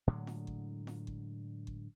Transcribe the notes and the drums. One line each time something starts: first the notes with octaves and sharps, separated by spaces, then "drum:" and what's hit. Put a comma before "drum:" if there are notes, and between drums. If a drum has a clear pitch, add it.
A2 D3 F#3 G#3
drum: snare F4
drum: kick G1
drum: snare F4
drum: kick G1
drum: kick G1